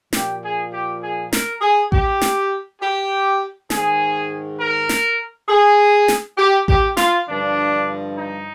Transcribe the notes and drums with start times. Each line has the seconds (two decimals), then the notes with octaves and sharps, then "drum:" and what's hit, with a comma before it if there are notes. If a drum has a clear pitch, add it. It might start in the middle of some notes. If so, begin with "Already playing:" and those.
0.13 A#2 F3 G4, drum: snare
0.43 G#4
0.73 G4
1.02 G#4
1.33 A#4, drum: snare
1.61 G#4
1.92 G4, drum: kick A1
2.21 drum: snare
2.81 G4
3.70 G#2 D#3 G#4, drum: snare
4.59 A#4
4.89 drum: snare
5.49 G#4
6.08 drum: snare
6.38 G4
6.68 G4, drum: kick A1
6.97 F4, drum: snare
7.27 G2 D3 F3 D4
8.17 D#4